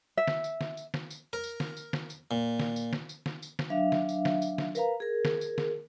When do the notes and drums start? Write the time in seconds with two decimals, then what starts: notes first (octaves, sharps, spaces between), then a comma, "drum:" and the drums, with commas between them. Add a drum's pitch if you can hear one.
0.17 E5
0.28 drum: snare
0.44 drum: tambourine
0.61 drum: snare
0.77 drum: tambourine
0.94 drum: snare
1.10 drum: tambourine
1.33 A#4
1.44 drum: tambourine
1.60 drum: snare
1.77 drum: tambourine
1.93 drum: snare
2.10 drum: tambourine
2.31 A#2
2.60 drum: snare
2.76 drum: tambourine
2.93 drum: snare
3.09 drum: tambourine
3.26 drum: snare
3.42 drum: tambourine
3.59 drum: snare
3.70 F#3 D4 E5 F5
3.92 drum: snare
4.09 drum: tambourine
4.25 drum: snare
4.42 drum: tambourine
4.58 drum: snare
4.75 A#4 B4 F5 A#5, drum: tambourine
5.00 G#4 A#4
5.25 drum: snare
5.41 drum: tambourine
5.58 drum: snare